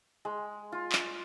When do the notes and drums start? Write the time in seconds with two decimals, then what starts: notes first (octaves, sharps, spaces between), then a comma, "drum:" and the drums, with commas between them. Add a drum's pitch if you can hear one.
0.25 G#3
0.72 F4
0.92 drum: clap